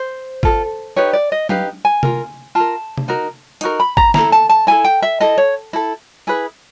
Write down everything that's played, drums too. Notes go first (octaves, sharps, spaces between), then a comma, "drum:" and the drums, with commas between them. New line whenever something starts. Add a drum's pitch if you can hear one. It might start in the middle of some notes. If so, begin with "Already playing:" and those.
Already playing: C5
F4 A4, drum: kick G#1
D#4 G4 B4 C#5
D5
D#5
D#4 G4 B4 F5, drum: tom F#3
G#5
F4 A#4, drum: tom C3
F4 A#4 A5
drum: tom C3
D#4 F#4 A#4
D#4 F#4 A#4, drum: hi-hat
B5
A#5, drum: kick G#1
E4 A4 A#5, drum: snare
A5
A5
E4 A4 G#5
G5
E5
E4 A4 D#5
C#5
E4 A4
E4 G#4 B4